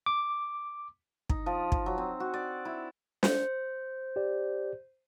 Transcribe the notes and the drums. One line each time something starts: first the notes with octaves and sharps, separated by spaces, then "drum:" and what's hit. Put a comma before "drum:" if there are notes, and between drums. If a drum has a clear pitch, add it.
D6
D#4, drum: kick
F3
drum: kick
F#3
C4
F#4
D5
E4
C5, drum: snare
G4 D5